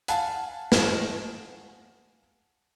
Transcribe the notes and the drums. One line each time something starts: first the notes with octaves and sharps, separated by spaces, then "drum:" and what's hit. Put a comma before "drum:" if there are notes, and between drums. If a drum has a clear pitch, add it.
F5 F#5 G#5 A5, drum: hi-hat
drum: snare